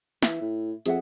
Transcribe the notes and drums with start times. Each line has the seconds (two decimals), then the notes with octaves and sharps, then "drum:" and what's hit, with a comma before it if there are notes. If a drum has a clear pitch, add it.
0.23 E3 E5, drum: snare
0.41 A2
0.86 F2 G#4 E5 F#5, drum: hi-hat